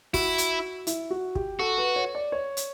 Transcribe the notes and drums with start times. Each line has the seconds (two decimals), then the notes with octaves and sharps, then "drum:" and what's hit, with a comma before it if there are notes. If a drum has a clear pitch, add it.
0.14 E4 F#4, drum: kick, open hi-hat
0.38 drum: hi-hat
0.87 E4, drum: hi-hat
1.11 F#4
1.35 G4, drum: kick
1.59 F#4 A4
1.78 B4
1.96 C#5
2.15 D5
2.32 C#5
2.57 drum: hi-hat